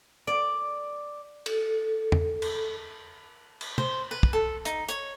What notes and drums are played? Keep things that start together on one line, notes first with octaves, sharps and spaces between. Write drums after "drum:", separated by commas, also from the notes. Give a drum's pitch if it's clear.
D5
A4, drum: cymbal
drum: tom E2
drum: cymbal
drum: cymbal
C5, drum: tom
B4
drum: kick
A4
D#4, drum: hi-hat
C#5, drum: hi-hat